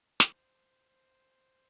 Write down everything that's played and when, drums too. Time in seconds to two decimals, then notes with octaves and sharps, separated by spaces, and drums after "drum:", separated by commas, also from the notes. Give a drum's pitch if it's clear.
0.20 C5, drum: snare
0.89 C5